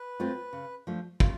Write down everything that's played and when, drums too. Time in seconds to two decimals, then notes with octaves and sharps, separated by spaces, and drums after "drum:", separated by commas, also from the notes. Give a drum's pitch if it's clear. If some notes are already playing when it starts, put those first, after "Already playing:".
Already playing: B4
0.20 A3 C4 F4
0.53 C#3
0.87 F3 A3 D4
1.20 C#3 F4, drum: kick